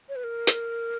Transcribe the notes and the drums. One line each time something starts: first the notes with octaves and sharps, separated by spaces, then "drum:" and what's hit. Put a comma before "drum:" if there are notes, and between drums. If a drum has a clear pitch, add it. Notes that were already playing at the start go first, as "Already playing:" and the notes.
C#5
B4
A#4
drum: hi-hat